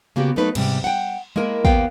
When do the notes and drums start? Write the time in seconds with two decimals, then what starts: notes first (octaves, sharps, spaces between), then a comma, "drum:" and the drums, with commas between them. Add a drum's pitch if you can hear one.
0.16 C#3 A#3 B3 F#4 G4
0.36 F#3 A3 A#3 D#4 B4
0.55 G#2 C3 G3, drum: cymbal
0.84 F#5 G5
1.36 G#3 A#3 E4 A#4
1.65 D#2 A#3 B3 F5 G5, drum: kick